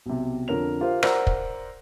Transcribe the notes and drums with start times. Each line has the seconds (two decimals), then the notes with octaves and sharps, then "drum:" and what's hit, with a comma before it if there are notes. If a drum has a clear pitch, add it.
0.06 B1 C3
0.48 F2 D3 A#4 C#5 F7
0.81 F4 G4 A#4 C5 F5
1.03 A#4 C5 D5 F#5 A#5 E6, drum: rim click
1.27 drum: kick